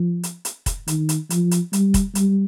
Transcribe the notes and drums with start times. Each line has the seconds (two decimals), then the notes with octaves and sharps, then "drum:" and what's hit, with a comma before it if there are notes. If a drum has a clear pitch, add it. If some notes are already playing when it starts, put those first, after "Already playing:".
Already playing: F3
0.23 drum: hi-hat
0.45 drum: hi-hat
0.66 drum: kick, hi-hat
0.88 D#3, drum: hi-hat
1.09 drum: hi-hat
1.30 F3, drum: hi-hat
1.51 drum: hi-hat
1.73 G3, drum: hi-hat
1.94 drum: kick, hi-hat
2.15 G3, drum: hi-hat